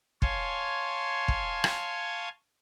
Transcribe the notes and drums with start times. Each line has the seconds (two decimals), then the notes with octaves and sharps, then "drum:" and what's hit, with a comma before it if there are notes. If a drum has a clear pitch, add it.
0.22 C#5 F5 G#5 A5 C6, drum: kick
1.28 drum: kick
1.64 drum: rim click